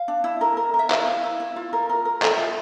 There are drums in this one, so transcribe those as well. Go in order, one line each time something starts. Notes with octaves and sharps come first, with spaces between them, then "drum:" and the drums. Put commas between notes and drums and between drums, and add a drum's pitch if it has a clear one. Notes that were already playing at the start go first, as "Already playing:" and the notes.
Already playing: F5
D4
E4
A#4
A#4
A#4
E5
E4 F5, drum: clap
E4
E4
E4
F4
A#4
A#4
A#4
A4 E5, drum: clap
F4